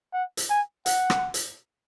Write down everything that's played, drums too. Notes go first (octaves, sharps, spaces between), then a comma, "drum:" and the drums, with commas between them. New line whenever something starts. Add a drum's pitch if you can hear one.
F#5
drum: hi-hat
G#5
F#5, drum: hi-hat
drum: rim click
drum: hi-hat